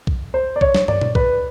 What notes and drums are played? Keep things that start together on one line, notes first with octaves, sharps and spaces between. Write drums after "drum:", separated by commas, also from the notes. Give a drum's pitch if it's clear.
drum: kick B1
C5
D5
C#5, drum: kick B1
drum: snare
D5, drum: tom
drum: tom A#2
B4, drum: kick B1